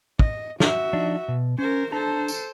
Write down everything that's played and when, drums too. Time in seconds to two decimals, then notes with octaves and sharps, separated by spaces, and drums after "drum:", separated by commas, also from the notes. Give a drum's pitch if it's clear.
0.19 D#5, drum: kick
0.60 F#4 E5, drum: snare
0.93 F3 D4 D#4
1.28 B2
1.59 C#4 A#4 C5
1.92 D4 A4 C5 A5 A#5
2.28 drum: tambourine